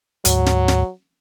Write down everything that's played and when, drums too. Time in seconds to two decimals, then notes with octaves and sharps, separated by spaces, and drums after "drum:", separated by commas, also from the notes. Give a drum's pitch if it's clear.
0.25 D2 G#2 F#3, drum: hi-hat
0.46 drum: snare
0.68 drum: snare